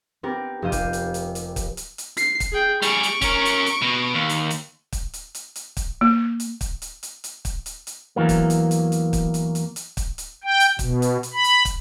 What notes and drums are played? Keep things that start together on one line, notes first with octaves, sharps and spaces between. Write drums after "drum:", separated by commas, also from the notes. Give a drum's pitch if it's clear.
B3 C4 G4 A#4
F1 G4 C5 F5 G6 D#7
drum: kick, hi-hat
drum: hi-hat
drum: hi-hat
drum: hi-hat
drum: kick, hi-hat
drum: hi-hat
drum: hi-hat
C7, drum: hi-hat
drum: kick, hi-hat
G#4 G5
G3 G#4 C#6 D7, drum: hi-hat
drum: hi-hat
C#4 A#4, drum: kick, hi-hat
drum: hi-hat
drum: hi-hat
B2
D#2
drum: hi-hat
drum: hi-hat
drum: kick, hi-hat
drum: hi-hat
drum: hi-hat
drum: hi-hat
drum: kick, hi-hat
A#3
drum: hi-hat
drum: kick, hi-hat
drum: hi-hat
drum: hi-hat
drum: hi-hat
drum: kick, hi-hat
drum: hi-hat
drum: hi-hat
E2 G2 E3 F#3 A#3
drum: kick, hi-hat
drum: hi-hat
drum: hi-hat
drum: hi-hat
drum: kick, hi-hat
drum: hi-hat
drum: hi-hat
drum: hi-hat
drum: kick, hi-hat
drum: hi-hat
G5
drum: hi-hat
B2, drum: kick, hi-hat
drum: hi-hat
drum: hi-hat
B5
drum: hi-hat
drum: kick, hi-hat